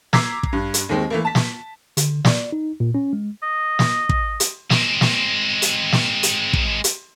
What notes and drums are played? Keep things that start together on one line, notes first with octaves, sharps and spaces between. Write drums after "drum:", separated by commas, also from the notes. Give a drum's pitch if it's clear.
A#5 D6 E6 G#6 B6 C7, drum: snare
drum: kick
G2
drum: hi-hat
D#2 D#3 G#3 C4
E3 A3 A#3
A5 B6
drum: snare
D3, drum: hi-hat
D5, drum: snare
D#4
A#2
C#4
G#3
D#5
drum: snare
drum: kick
drum: hi-hat
G#3 C4, drum: snare
drum: snare
drum: hi-hat
drum: snare
drum: hi-hat
drum: kick
drum: hi-hat